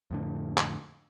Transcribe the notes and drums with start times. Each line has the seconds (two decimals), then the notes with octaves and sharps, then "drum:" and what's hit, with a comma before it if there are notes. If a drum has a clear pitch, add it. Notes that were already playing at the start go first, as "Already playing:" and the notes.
0.11 F2 A2 D3
0.57 drum: clap